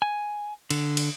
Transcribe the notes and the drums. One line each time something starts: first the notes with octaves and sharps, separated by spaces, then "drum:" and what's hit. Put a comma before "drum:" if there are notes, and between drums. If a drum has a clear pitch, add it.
G#5
D3, drum: cymbal
drum: cymbal